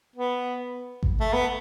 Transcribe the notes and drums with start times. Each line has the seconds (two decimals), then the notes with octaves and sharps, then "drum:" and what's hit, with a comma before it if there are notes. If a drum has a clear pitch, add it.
0.16 B3
1.03 drum: kick G#1
1.20 A3
1.33 B3